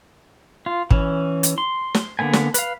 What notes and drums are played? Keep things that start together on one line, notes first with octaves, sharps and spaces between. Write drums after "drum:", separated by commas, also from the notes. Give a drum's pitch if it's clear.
F4
E3 C#4, drum: kick
drum: hi-hat
C6
drum: snare
D3 A#3 B3 G#5
drum: snare
B4 F5, drum: hi-hat